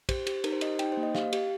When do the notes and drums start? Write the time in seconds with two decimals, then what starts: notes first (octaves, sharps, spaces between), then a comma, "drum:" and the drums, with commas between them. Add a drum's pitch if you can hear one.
0.09 G4 C5, drum: kick, cymbal
0.27 G4, drum: cymbal
0.44 D#4 A#4, drum: cymbal
0.53 C5
0.61 G4 D#5, drum: cymbal
0.79 D#4 G5, drum: cymbal
0.92 A#3 C5
1.03 D#5
1.15 G4 F5, drum: snare
1.33 G4, drum: cymbal